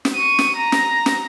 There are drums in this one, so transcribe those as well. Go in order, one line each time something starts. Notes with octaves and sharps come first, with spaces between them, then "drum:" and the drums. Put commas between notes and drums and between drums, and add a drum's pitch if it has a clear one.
drum: snare
C#6 D#7
drum: snare
A#5
drum: snare
drum: snare